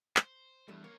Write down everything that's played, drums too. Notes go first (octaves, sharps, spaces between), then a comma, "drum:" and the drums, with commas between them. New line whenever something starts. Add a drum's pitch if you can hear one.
C5, drum: clap
E2 G2 G3 A3
A#3 A#4 C#5